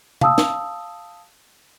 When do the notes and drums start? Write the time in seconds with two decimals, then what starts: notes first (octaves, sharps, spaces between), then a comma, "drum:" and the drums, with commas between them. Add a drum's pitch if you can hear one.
0.21 F5 A5 D#6 E6, drum: tom C3
0.38 drum: snare